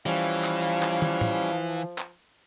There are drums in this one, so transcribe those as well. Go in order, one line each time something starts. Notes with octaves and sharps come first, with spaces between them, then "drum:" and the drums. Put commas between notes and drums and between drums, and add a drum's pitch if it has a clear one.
E3 F3 G3 C#4 F5 A5
drum: clap
drum: clap
drum: tom
drum: tom
drum: clap